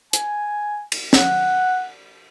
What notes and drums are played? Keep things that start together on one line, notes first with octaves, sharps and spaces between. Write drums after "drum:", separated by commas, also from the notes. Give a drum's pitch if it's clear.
G#5, drum: hi-hat
drum: cymbal
F#5, drum: snare